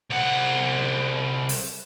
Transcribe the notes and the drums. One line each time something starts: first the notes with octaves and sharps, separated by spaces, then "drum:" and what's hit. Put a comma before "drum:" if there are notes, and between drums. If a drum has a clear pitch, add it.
C2 F#5
drum: open hi-hat